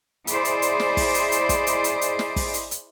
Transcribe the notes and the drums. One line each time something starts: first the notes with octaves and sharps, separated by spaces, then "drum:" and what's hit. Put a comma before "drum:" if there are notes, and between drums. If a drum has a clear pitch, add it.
E4 G#4 C5 D5 D#5, drum: hi-hat
drum: hi-hat
drum: hi-hat
drum: snare
drum: kick, open hi-hat
drum: hi-hat
drum: hi-hat
drum: kick, hi-hat
drum: hi-hat
drum: hi-hat
drum: hi-hat
drum: snare
drum: kick, open hi-hat
drum: hi-hat
drum: hi-hat